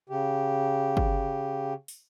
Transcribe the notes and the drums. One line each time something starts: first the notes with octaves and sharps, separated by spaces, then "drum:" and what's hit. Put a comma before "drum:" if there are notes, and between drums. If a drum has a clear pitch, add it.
C#3 G4
drum: kick
drum: open hi-hat